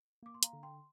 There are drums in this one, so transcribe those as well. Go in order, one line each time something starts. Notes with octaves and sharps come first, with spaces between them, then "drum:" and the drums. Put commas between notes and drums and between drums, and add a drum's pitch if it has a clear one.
A#3 D6
C6
F5 A#5, drum: hi-hat
D3
G5 C6